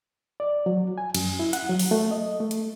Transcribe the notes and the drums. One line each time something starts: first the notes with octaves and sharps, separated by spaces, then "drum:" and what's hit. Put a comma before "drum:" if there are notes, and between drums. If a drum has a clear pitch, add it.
D5
F#3
G#5
F#2, drum: cymbal
E4
F#5, drum: hi-hat
F#3
drum: open hi-hat
A3
D#5
A3
drum: hi-hat